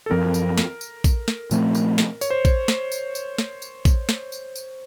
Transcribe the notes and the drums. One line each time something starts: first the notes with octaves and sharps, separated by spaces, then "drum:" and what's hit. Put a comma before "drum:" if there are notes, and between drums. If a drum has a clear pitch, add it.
A4
F#2 F3 C4 A#4
drum: tambourine
drum: snare
drum: tambourine
drum: kick, tambourine
drum: snare
A#2 F3 A3 C4, drum: tambourine
drum: tambourine
drum: snare
C#5, drum: tambourine
C5
drum: kick, tambourine
drum: snare
drum: tambourine
drum: tambourine
drum: snare
drum: tambourine
drum: kick, tambourine
drum: snare
drum: tambourine
drum: tambourine